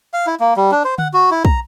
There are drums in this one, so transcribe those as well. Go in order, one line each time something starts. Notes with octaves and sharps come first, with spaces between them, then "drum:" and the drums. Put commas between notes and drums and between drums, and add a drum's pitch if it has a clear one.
F5
E4
A#3
G3
D4
C5
F#5, drum: tom D3
F#4
E4
A#5, drum: kick